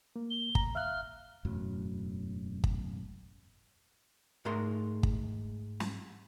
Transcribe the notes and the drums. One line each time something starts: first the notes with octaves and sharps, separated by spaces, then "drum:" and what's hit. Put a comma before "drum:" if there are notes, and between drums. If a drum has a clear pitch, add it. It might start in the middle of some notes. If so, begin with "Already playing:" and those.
A#3
G7
A#5, drum: kick
E5 F5 F6 F#6
E1 F#2 A2 F#3
drum: kick
G#2 G#3 A3 A#4 A#5 C6
drum: kick
drum: snare